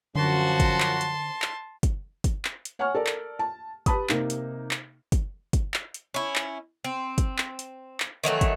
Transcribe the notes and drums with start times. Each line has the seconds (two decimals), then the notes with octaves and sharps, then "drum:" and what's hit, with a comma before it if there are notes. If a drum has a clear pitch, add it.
0.15 F#2 D3 F3 F#4 A5 C6
0.60 drum: kick, hi-hat
0.80 drum: clap
1.01 drum: hi-hat
1.42 drum: clap
1.83 drum: kick, hi-hat
2.24 drum: kick, hi-hat
2.45 drum: clap
2.65 drum: hi-hat
2.79 C#5 F#5 G#5 C#6 F6
2.95 A4 A#4 D5
3.07 drum: clap
3.39 A5
3.86 G4 B4 A5 B5 D#6, drum: kick, hi-hat
4.09 C3 A#3 D#4, drum: clap
4.30 drum: hi-hat
4.71 drum: clap
5.12 drum: kick, hi-hat
5.53 drum: kick, hi-hat
5.74 drum: clap
5.94 drum: hi-hat
6.14 C#4 E4
6.36 drum: clap
6.84 C4
7.18 drum: kick, hi-hat
7.38 drum: clap
7.59 drum: hi-hat
8.00 drum: clap
8.24 D#3 E3 F#3 A3
8.41 drum: kick, hi-hat